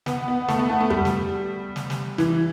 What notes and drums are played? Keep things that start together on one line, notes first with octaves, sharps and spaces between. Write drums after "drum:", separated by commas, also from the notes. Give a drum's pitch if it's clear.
B3, drum: snare
B3
A3, drum: snare
B3
A3
A3
G3, drum: tom F2
drum: snare
drum: snare
drum: snare
E3, drum: snare